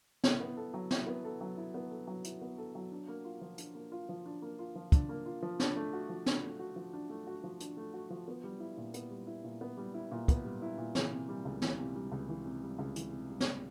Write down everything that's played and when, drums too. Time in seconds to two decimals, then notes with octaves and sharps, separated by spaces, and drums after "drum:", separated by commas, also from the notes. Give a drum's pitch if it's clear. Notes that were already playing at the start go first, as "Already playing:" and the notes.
0.24 E4, drum: snare
0.40 B3
0.57 A4
0.74 F#3
0.91 E4, drum: snare
1.07 B3
1.24 A4
1.41 F#3
1.57 E4
1.74 B3
1.90 A4
2.07 F#3
2.24 E4, drum: hi-hat
2.41 B3
2.58 A4
2.75 F#3
2.92 D4
3.08 A#3
3.25 F4
3.41 F3
3.58 D4, drum: hi-hat
3.75 A#3
3.92 F4
4.09 F3
4.26 D4
4.42 A#3
4.59 F4
4.75 F3
4.92 D4, drum: kick, hi-hat
5.09 A#3
5.26 F4
5.42 F3
5.60 D4, drum: snare
5.76 A3
5.93 F#4
6.09 F3
6.26 D4, drum: snare
6.43 A3
6.59 F#4
6.76 F3
6.93 D4
7.10 A3
7.27 F#4
7.44 F3
7.60 D4, drum: hi-hat
7.77 A3
7.94 F#4
8.10 F3
8.28 B3
8.44 G3
8.60 E4
8.77 A#2
8.94 B3, drum: hi-hat
9.11 G3
9.27 E4
9.44 A#2
9.61 B3
9.77 G3
9.94 E4
10.12 A#2
10.28 B3, drum: kick, hi-hat
10.45 G3
10.62 E4
10.78 A#2
10.95 E3, drum: snare
11.12 C3
11.28 G3
11.45 C#2
11.62 E3, drum: snare
11.79 C3
11.96 G3
12.12 C#2
12.29 E3
12.45 C3
12.63 G3
12.79 C#2
12.96 E3, drum: hi-hat
13.13 C3
13.30 G3
13.41 drum: snare